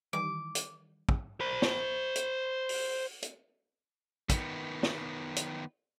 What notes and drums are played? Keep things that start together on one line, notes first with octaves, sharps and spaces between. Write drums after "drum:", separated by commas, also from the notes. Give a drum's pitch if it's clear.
D#3 E3 G3 D6
drum: hi-hat
drum: kick
C5 B5
drum: snare
drum: hi-hat
drum: open hi-hat
drum: hi-hat
D#3 B3, drum: kick, hi-hat
drum: snare
drum: hi-hat